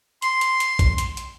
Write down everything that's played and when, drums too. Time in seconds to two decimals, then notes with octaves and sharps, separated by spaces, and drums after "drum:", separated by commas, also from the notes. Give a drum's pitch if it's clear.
0.22 C6, drum: hi-hat
0.41 drum: hi-hat
0.60 drum: hi-hat
0.79 drum: kick, hi-hat
0.98 drum: hi-hat
1.17 drum: hi-hat